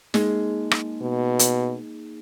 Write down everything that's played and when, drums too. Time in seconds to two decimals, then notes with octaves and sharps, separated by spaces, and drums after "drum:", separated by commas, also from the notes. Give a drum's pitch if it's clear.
0.14 G#3 A#3 D#4 G#4, drum: snare
0.71 drum: rim click
1.02 B2
1.39 drum: hi-hat